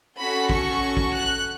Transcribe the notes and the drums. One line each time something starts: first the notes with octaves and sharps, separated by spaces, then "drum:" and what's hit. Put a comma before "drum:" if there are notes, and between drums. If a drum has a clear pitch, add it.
C#4 F#4 A4 B5
C#6, drum: kick
drum: kick
F#6